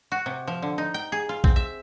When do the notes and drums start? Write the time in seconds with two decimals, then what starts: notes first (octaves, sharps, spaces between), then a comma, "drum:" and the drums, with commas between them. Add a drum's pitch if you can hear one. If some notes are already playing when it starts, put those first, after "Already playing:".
0.12 F#4
0.26 C3
0.47 F3
0.62 D3
0.78 D#4
0.94 G5
1.12 G#4
1.29 F4
1.44 C4, drum: kick
1.56 E5